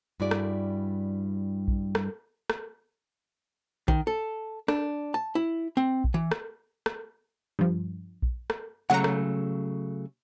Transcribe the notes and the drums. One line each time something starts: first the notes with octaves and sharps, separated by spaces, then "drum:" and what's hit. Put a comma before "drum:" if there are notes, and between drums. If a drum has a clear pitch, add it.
G2 G3 E4 F#4 G#4 D5
drum: rim click
drum: kick A#1
drum: rim click
drum: rim click
D#3, drum: kick A#1
A4
D4, drum: rim click
A5
E4
C4
drum: kick A#1
E3
drum: rim click
drum: rim click
G2 F3
drum: kick A#1
drum: rim click
C#3 F#3 A3 F#5 A#5
drum: rim click